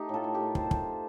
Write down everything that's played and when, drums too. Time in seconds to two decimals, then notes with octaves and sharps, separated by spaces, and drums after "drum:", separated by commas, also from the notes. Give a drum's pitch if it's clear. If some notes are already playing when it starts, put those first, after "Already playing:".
Already playing: A3 D#4 G4
0.09 A2 F4 A4
0.24 A2
0.34 G4 A#4
0.40 A2
0.55 A3 A4 C5, drum: kick
0.71 drum: kick